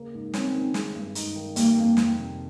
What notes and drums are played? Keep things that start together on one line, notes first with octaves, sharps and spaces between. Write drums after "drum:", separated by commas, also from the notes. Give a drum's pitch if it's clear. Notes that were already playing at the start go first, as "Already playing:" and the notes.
Already playing: C#3 A#3
G#2
C4 C#4, drum: snare
D#3
G#3, drum: snare
G2
D#4, drum: hi-hat
D#3
G3 A#3, drum: hi-hat
F2 A#3
F2, drum: snare
C3